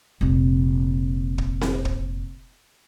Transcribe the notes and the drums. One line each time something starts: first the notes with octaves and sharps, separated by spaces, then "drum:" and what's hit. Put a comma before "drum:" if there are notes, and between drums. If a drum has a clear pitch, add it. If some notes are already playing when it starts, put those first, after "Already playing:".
F1 A#2
drum: kick
drum: snare C4
drum: kick